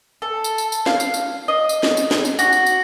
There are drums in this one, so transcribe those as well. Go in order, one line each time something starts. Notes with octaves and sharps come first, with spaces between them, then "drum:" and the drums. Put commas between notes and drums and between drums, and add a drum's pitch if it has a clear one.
A4
drum: tambourine
drum: tambourine
drum: tambourine
F5, drum: snare
drum: tambourine
drum: tambourine
D#5
drum: tambourine
drum: snare
drum: tambourine
drum: snare
drum: tambourine
F#4, drum: tambourine
drum: tambourine
drum: tambourine